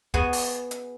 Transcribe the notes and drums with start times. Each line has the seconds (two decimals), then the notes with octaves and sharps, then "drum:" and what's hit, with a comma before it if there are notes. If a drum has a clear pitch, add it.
0.14 B3 F#4 G#4 G#5, drum: kick
0.33 drum: open hi-hat
0.71 drum: hi-hat